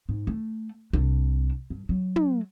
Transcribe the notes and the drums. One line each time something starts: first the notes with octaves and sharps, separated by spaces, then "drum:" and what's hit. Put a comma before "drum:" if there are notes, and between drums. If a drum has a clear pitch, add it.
G#2
A3
C2 D4
G2
F#3
drum: tom